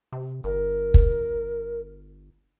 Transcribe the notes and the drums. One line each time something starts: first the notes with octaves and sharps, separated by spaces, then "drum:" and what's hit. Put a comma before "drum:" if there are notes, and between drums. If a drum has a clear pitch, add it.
C3
G1 A#4
drum: kick